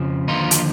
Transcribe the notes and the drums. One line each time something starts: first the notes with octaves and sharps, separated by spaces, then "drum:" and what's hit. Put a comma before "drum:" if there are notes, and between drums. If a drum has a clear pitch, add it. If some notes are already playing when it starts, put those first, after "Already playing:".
Already playing: F2 C#3 F3
D#2 D3 F3 D#4 F4
drum: hi-hat